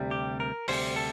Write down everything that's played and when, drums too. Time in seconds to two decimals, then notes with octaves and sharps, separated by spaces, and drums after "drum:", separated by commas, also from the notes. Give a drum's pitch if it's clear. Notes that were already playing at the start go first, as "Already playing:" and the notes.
Already playing: D2 C3 G3
0.11 G4
0.40 A#4
0.68 D2 C3 G3 C5, drum: open hi-hat
0.96 A4